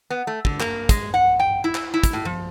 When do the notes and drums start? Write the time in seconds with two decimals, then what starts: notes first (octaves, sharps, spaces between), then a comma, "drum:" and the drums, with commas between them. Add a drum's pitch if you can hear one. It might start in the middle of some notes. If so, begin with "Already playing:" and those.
0.10 B3
0.27 A3
0.45 D3, drum: kick
0.60 A#3, drum: clap
0.89 G#3, drum: kick, hi-hat
1.14 F#5
1.40 G5
1.64 E4
1.75 drum: clap
1.94 E4
2.03 drum: kick, hi-hat
2.13 A2
2.25 F3